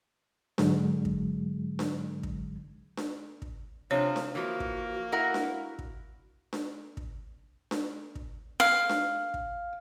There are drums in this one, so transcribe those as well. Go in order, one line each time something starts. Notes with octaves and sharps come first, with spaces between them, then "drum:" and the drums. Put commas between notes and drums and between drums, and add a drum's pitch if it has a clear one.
G#2 D3 F#3 G#3, drum: snare D4
drum: kick
drum: snare D4
drum: kick
drum: snare D4
drum: kick
C3 F3 D4 C#5
drum: snare D4
E3 F3 A#3 F#4
drum: kick
E4 A#4 F#5
drum: snare D4
drum: kick
drum: snare D4
drum: kick
drum: snare D4
drum: kick
F5
drum: snare D4
drum: kick